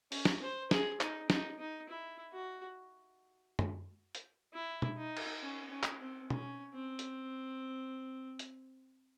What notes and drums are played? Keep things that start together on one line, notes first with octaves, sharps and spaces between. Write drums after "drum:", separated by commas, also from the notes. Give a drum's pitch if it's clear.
C#4, drum: open hi-hat
drum: snare
C5
G#4, drum: snare
D#4, drum: clap
D#4, drum: snare
D#4
E4
F#4
drum: tom
drum: hi-hat
E4
drum: tom
D#4
drum: cymbal
C#4
C#4
drum: clap
C4
C#4, drum: tom
C4
drum: hi-hat
drum: hi-hat